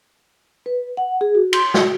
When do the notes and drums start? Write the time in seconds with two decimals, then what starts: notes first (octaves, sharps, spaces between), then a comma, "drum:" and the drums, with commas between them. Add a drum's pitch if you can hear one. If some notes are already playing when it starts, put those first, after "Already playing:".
0.66 B4
0.97 F#5
1.21 G#4
1.35 F#4
1.53 C6, drum: cymbal
1.74 F#4, drum: snare